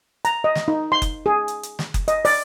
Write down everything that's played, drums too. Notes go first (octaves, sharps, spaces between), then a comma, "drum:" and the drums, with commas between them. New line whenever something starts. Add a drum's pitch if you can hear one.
A#5, drum: hi-hat
D#5
drum: snare
D#4
C6
drum: kick F#1, hi-hat
G#4
drum: hi-hat
drum: hi-hat
drum: snare
drum: kick F#1, hi-hat
D#5, drum: hi-hat
D5, drum: open hi-hat